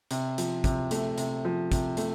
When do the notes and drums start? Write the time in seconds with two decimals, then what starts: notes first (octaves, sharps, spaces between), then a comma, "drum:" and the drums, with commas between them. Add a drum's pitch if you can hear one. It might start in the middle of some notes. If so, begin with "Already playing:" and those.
0.11 C3, drum: hi-hat
0.38 F3, drum: hi-hat
0.64 C3, drum: kick, hi-hat
0.91 A3, drum: hi-hat
1.18 C3, drum: hi-hat
1.45 F3
1.72 C3, drum: kick, hi-hat
1.97 A3, drum: hi-hat